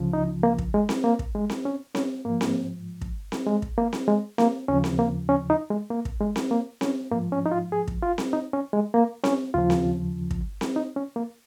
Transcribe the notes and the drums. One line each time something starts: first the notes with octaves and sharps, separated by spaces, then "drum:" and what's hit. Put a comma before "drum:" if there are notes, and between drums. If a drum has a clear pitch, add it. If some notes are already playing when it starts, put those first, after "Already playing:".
Already playing: C#2 C#3 F3
D#4
A#3
drum: kick
G#3
drum: snare C4
A#3
drum: kick
G#3
drum: snare C4
C#4
C#4, drum: snare C4
G#2 F3 A#3
drum: snare C4
drum: kick
drum: snare C4
G#3
drum: kick
A#3
drum: snare C4
G#3
A#3, drum: snare C4
D#2 C#3 F3 C#4
drum: snare C4
A#3
C#4
D#4
G#3
A#3
drum: kick
G#3
drum: snare C4
A#3
C#4, drum: snare C4
G#2 F3 A#3
C#4
D#4
F4
G#4
drum: kick
F4
drum: snare C4
D#4
C#4
G#3
A#3
C#4, drum: snare C4
D#2 C#3 F3 F4
drum: snare C4
drum: kick
drum: snare C4
D#4
C#4
A#3